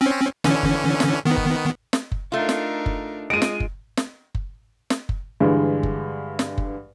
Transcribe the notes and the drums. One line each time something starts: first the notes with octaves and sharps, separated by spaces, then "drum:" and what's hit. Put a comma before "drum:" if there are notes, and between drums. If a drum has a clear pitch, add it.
C4 C#4
D3 E3 C#4, drum: snare
drum: kick F#1
drum: snare
D#3 B3
drum: kick F#1
drum: snare
drum: kick F#1
A3 D4 D#4 F4 A#4
drum: snare
drum: kick F#1
G#3 F4 D#5 D7 D#7
drum: snare
drum: kick F#1
drum: snare
drum: kick F#1
drum: snare
drum: kick F#1
G2 D3 E3 G3 G#3
drum: kick F#1
drum: snare
drum: kick F#1